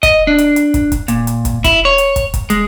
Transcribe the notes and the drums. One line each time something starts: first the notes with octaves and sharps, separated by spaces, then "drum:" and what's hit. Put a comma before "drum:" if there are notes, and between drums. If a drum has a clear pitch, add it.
D#5, drum: kick, hi-hat
D4
drum: hi-hat
drum: hi-hat
drum: kick, hi-hat
drum: kick, hi-hat
A#2, drum: hi-hat
drum: hi-hat
drum: kick, hi-hat
E4, drum: kick, hi-hat
C#5
drum: hi-hat
drum: kick, hi-hat
drum: kick, hi-hat
G#3, drum: hi-hat